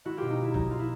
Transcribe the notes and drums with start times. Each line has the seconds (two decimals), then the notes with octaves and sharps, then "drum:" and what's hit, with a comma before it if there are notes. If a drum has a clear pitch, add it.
0.05 G#3 E4 F#4
0.17 B2 F4 G4
0.30 D#4
0.38 G#3 E4
0.54 F#3 D#4, drum: kick
0.71 F4
0.79 E4